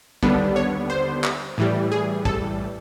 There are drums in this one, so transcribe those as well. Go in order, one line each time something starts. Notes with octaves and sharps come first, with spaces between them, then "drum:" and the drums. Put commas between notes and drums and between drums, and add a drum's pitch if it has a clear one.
D#2 D3 G3 B3 D4, drum: kick A1
C#5
C5
drum: clap
A2 E3 G3
G#4
A4, drum: kick A1